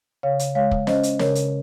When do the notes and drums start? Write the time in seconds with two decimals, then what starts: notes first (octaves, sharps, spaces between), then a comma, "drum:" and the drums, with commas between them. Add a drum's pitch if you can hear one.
0.23 C#3 C#5 F5
0.39 drum: hi-hat
0.55 G#3 C#5 F5
0.71 drum: kick
0.87 C#4 C5 D#5, drum: snare
1.03 drum: hi-hat
1.19 C#3 A#4 C#5, drum: snare
1.35 drum: hi-hat